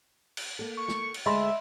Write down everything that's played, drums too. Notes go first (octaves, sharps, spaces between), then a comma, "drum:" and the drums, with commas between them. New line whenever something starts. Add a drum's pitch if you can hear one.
drum: cymbal
A#3 A4
C#6
drum: snare
drum: cymbal
D2 G#3 G#4 D#5 E5 B5 C6